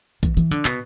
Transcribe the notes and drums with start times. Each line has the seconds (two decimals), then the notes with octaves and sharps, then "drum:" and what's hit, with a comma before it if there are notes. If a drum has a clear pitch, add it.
0.23 E3, drum: kick A#1, hi-hat
0.37 E3, drum: hi-hat
0.51 D3, drum: hi-hat
0.65 B2, drum: clap